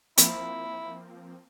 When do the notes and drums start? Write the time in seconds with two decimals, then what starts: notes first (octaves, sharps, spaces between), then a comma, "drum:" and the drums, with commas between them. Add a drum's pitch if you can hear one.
0.18 F3 A#3 C4 E4, drum: hi-hat